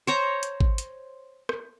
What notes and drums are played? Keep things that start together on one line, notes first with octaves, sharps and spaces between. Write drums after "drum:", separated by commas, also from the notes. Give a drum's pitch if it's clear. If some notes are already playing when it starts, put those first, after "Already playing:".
C5 C#5 A#5
drum: hi-hat
drum: kick G#1
drum: hi-hat
drum: rim click